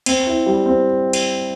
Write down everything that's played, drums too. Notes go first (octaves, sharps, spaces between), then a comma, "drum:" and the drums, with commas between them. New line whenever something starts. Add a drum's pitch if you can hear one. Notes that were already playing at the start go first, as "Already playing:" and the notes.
C4, drum: cymbal
E4
G3
C4
drum: cymbal